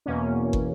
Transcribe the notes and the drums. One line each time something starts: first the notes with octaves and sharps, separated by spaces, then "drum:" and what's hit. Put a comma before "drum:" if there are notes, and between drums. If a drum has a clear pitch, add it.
E2 B2 A#3 C#4
drum: kick